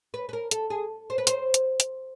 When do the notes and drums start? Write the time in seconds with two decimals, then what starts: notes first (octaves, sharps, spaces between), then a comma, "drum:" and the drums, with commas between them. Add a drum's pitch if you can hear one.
0.14 B4
0.29 B4
0.33 A#4
0.51 A4, drum: hi-hat
0.70 G#4
1.10 C5
1.18 B4
1.27 C5, drum: hi-hat
1.54 drum: hi-hat
1.80 drum: hi-hat